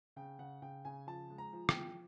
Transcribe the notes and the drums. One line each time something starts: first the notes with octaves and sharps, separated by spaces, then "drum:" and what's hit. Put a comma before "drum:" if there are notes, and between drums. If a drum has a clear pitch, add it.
C#3 G5
C#3 F#5
C#3 G5
C#3 G#5
F3 A5
G#3
A#5
F3
G5, drum: rim click
F3